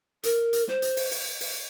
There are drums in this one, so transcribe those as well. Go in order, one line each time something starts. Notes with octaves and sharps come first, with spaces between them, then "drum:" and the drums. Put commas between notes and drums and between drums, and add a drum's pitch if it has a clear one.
A#4, drum: hi-hat
drum: hi-hat
C5, drum: snare
drum: hi-hat
drum: open hi-hat
drum: open hi-hat
drum: open hi-hat